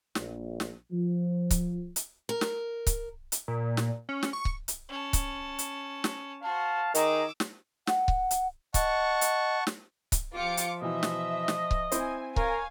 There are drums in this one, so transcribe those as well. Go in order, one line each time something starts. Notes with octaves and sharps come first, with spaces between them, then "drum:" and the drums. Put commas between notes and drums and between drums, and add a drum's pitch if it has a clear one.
A#1, drum: snare
drum: snare
F3
drum: kick C#1, hi-hat
drum: hi-hat
A#4
drum: snare
drum: kick C#1, hi-hat
drum: hi-hat
A#2
drum: snare
C#4
drum: snare
C#6
drum: kick C#1
drum: hi-hat
C#4 A5
drum: kick C#1, hi-hat
drum: hi-hat
drum: snare
F#4 C5 F5 A5
D#3 D#4 G#4 A#5 D6 E6, drum: hi-hat
drum: snare
F#5, drum: snare
drum: kick C#1
drum: hi-hat
D#5 F#5 A5 C#6, drum: kick C#1, hi-hat
drum: hi-hat
drum: snare
drum: kick C#1, hi-hat
F3 F4 G4 D6 C#7
drum: hi-hat
B2 E3 D#5 E5
drum: snare
drum: snare
drum: kick C#1
C4 E4 C5 G#5, drum: hi-hat
A#4 C#5 F5 G#5, drum: kick C#1